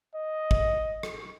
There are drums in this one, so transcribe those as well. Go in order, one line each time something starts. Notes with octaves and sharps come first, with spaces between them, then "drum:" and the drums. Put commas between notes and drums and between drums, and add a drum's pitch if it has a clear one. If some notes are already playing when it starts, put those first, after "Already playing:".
D#5
drum: kick
drum: rim click